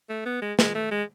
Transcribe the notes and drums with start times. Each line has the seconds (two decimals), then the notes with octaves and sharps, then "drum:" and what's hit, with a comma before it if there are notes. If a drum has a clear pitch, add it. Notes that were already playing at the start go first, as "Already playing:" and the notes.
0.09 A3
0.26 B3
0.42 G#3
0.59 G#3, drum: snare
0.75 A3
0.91 G#3